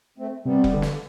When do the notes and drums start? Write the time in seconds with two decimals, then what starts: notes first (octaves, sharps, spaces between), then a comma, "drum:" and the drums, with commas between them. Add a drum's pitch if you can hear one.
0.18 A3 C4
0.45 C3 G3 B3
0.64 drum: kick F1
0.73 D3
0.82 drum: snare